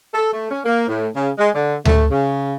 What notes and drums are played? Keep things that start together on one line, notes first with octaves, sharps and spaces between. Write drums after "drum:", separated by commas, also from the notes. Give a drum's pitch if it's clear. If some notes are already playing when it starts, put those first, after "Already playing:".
A4
A3
C#4
A#3
A2
C#3
G#3
D3
A3, drum: tom D2
C#3